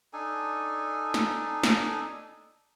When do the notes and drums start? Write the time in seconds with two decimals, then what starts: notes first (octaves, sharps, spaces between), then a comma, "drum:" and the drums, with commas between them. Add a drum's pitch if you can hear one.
0.13 D4 D#4 A4 G#5
1.14 drum: snare
1.63 drum: snare